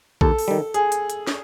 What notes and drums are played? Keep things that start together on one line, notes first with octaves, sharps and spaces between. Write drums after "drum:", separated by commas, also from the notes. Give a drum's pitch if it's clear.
D#2 A4, drum: kick A#1
drum: open hi-hat
D#3 G3
G#4, drum: hi-hat
drum: hi-hat
drum: hi-hat
drum: snare